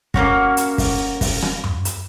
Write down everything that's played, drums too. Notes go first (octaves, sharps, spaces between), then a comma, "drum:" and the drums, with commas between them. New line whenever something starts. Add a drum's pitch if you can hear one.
A#3 B3 C#4 F#4, drum: kick
drum: hi-hat
drum: kick, open hi-hat
drum: kick, open hi-hat
drum: rim click
drum: tom F#2
drum: hi-hat